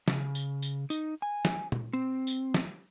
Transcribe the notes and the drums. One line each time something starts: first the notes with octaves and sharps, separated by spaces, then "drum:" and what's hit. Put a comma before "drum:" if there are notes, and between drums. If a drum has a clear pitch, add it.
C#3, drum: snare
drum: tambourine
drum: tambourine
D#4, drum: tambourine
G#5
drum: snare
drum: tom A#2
C4
drum: tambourine
drum: snare